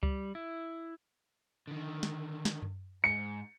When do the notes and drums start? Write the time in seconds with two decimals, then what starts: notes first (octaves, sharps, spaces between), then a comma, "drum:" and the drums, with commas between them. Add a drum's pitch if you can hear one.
0.03 G3, drum: kick C#2
0.35 E4
1.68 D3 D#3
2.03 drum: snare
2.45 drum: snare
2.62 drum: tom F#2
3.04 G#2 C#7